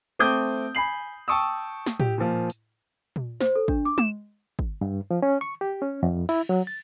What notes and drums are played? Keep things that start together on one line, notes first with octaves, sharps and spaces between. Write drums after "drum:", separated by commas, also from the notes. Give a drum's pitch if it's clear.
A3 C4 D6 D#6 G6
G#5 B5 C7 F#7
G5 A5 C#6 D#6 E6
drum: snare
G4, drum: tom A2
A#2 F3
drum: hi-hat
drum: tom A#2
C5, drum: snare
A4
D4, drum: kick
D6
E7, drum: tom G#3
drum: kick
G2
F3
C#4
C#6
G4
C#4
F2
E4, drum: cymbal
F#3
A6